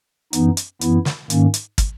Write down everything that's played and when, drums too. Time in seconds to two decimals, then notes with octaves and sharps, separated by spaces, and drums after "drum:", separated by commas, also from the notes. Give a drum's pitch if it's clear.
0.33 F#2 E3 B3 D#4, drum: hi-hat
0.57 drum: hi-hat
0.81 F#2 E3 B3 E4, drum: hi-hat
1.05 drum: snare
1.30 G#2 D#3 A#3 C#4, drum: hi-hat
1.54 drum: hi-hat
1.78 drum: kick, hi-hat